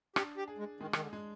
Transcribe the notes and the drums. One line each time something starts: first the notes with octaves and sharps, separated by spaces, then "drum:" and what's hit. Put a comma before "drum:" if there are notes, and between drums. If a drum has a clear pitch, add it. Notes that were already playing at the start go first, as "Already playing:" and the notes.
D4 G4, drum: rim click
G4
G#4
G#3
D#3 G#3
D#3, drum: rim click
D3
G#3